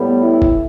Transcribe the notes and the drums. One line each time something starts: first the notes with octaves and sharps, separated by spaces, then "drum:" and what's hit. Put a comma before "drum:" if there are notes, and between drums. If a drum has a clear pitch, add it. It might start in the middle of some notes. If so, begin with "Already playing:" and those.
Already playing: A2 G3 B3
E4
drum: kick F1